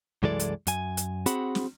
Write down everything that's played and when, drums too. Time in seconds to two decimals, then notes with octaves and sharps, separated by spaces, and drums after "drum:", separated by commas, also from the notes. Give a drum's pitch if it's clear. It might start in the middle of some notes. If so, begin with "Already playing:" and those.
0.23 C2 F#2 E3 G#3 A4 D5
0.40 drum: hi-hat
0.67 F#2 G#5, drum: hi-hat
0.97 drum: hi-hat
1.26 C4 F#4 G#4 F#5 B5, drum: hi-hat
1.55 drum: snare